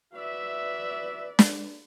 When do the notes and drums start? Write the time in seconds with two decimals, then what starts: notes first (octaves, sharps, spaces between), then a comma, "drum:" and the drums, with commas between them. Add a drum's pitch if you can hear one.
0.14 F#4 B4 D5 E5
1.39 drum: snare